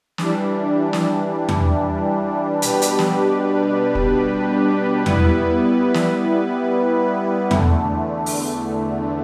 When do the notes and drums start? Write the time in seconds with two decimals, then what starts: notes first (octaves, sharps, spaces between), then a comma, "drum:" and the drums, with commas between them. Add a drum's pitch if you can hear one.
0.18 E3 G3 D4, drum: snare
0.93 drum: snare
1.49 drum: tom E2
2.62 B2 G3 D4 G4 B4, drum: hi-hat
2.82 drum: hi-hat
2.99 drum: snare
3.95 drum: kick
5.06 G3 B3 E4 B4, drum: tom E2
5.94 drum: snare
7.51 E2 D3 A3, drum: tom E2
8.26 drum: open hi-hat